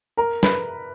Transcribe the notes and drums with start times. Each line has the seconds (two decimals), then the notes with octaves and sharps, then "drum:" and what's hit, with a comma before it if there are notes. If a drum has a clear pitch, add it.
0.17 A#4 A#5
0.43 B4 B5, drum: snare